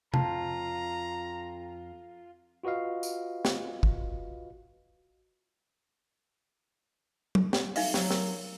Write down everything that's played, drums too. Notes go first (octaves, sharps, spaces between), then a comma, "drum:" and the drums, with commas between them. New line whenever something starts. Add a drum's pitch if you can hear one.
F2 F4 A5 A#5, drum: tom C3
F4 F#4 B4 D#5 F5
drum: tambourine
drum: snare
drum: kick
drum: tom F#3
drum: snare
D#4 E5 F5, drum: open hi-hat
F#3, drum: snare
A#4, drum: snare